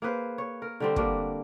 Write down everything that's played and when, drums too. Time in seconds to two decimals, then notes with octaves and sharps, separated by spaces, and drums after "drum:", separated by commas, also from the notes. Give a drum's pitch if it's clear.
0.02 A#3 G#4 B4 C5
0.38 C#5
0.62 A#4
0.80 D3 G3 C4
0.96 G3 A#3 D4 F#4, drum: kick